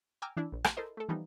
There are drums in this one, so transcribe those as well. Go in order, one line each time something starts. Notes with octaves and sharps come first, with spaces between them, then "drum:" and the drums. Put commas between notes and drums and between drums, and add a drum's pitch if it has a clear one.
G5 G#5 A#5 D6 E6 F6
E3 D4 E4
A#1
drum: rim click
E4 A4 A#4 C5 D#5
A3 A4
E3 F3 G3 B3 D#4